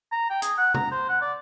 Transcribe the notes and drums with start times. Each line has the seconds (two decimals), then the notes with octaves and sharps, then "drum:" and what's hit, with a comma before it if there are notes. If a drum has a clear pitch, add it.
0.12 A#5
0.30 G5
0.42 G#4, drum: hi-hat
0.58 F#5
0.74 A#5, drum: tom C3
0.91 C5
1.09 F#5
1.21 D5